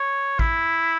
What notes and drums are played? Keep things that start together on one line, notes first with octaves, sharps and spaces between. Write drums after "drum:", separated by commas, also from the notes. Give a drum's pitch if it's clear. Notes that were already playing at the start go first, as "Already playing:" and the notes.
Already playing: C#5
E4, drum: kick A1